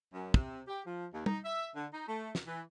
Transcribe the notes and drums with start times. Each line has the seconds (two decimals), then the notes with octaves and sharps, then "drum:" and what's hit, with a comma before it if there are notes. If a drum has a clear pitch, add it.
0.12 F#2
0.34 C3, drum: kick
0.67 G4
0.86 F3
1.13 D#2
1.26 D#4, drum: tom
1.44 E5
1.75 D3
1.92 D#4
2.08 A3
2.35 drum: snare
2.46 E3